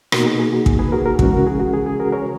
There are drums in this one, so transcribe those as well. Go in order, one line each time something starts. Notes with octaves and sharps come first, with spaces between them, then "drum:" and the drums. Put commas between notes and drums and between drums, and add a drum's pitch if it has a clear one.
B2 A#3 D#4 F#4 A#4, drum: rim click
G#4
G#4
F#4
G#4, drum: kick
G#4 B4
F#4 A#4
F#4 A#4
C#3 E3 G#3 C#4 F#4, drum: kick
F#4 A#4
G#4
F#4
G#4
G#4
F#4 A#4
A#4 C#5